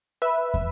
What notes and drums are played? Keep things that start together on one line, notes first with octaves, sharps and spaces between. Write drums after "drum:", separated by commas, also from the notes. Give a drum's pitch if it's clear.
B4 E5
drum: kick